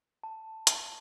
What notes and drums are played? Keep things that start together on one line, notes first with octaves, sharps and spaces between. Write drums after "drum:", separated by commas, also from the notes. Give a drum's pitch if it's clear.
A5
drum: hi-hat